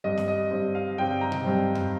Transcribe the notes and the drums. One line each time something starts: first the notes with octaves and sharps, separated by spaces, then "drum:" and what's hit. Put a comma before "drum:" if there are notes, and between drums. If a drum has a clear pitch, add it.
G2 G3 C4 D#5
drum: snare
D#5
G2 G3 C4
F5
G2 G3 C4 G5
A#5
drum: tom B2
G2 G3 C4
drum: tom F2